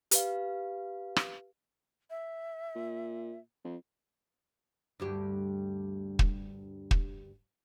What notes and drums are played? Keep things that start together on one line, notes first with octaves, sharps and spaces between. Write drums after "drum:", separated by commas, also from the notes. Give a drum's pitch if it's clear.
G4 B4 F5, drum: hi-hat
drum: rim click
E5
A#2
F2
D2 G2 G4
drum: kick
drum: kick